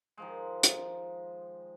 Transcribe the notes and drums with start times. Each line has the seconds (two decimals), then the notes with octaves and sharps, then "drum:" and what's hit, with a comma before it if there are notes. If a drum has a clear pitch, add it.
0.17 D#3 F3 G#3
0.63 drum: hi-hat